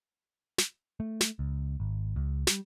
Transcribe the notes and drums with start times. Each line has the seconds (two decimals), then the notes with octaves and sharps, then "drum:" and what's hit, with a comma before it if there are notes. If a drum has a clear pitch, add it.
0.58 drum: snare
1.00 A3
1.21 drum: snare
1.39 C#2
1.80 G#1
2.16 C#2
2.47 G3, drum: snare